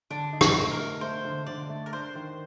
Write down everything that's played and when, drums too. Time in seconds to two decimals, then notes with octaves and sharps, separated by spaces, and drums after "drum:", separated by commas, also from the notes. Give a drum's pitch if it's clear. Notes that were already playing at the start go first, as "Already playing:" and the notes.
0.10 D3 D4
0.33 D#4
0.41 C4, drum: rim click
0.56 A3
0.72 A#4
0.79 A3
1.01 A3 C5
1.25 D3
1.47 D3 D5
1.69 A3
1.86 A#4
1.93 D4 C5
2.15 D#3